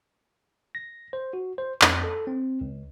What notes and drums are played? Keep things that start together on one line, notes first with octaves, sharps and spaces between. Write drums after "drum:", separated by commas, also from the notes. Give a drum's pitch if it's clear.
A#6
C5
F#4
C5
F2, drum: clap
A4
C4
C#2